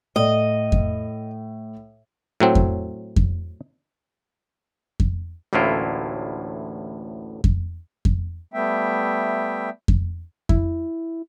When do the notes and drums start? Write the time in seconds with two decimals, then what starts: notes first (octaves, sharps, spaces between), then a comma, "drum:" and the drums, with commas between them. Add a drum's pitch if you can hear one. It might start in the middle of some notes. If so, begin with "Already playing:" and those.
0.16 A2 D#5
0.72 drum: kick F2
2.40 A2 F#3 C4
2.55 drum: kick F2
3.16 drum: kick F2
5.00 drum: kick F2
5.53 A1 D2 A2 A#3 E4 F4
7.44 drum: kick F2
8.05 drum: kick F2
8.54 G3 A3 B3 E5 G5
9.88 drum: kick F2
10.49 E4, drum: kick F2